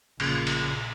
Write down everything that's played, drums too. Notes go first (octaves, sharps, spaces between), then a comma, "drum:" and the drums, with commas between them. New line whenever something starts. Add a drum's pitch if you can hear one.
A#1 A#2 C#3, drum: cymbal
drum: cymbal